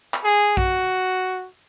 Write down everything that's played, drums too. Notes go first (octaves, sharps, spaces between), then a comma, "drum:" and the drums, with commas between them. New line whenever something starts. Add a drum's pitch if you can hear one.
drum: clap
G#4
F#4, drum: kick A#1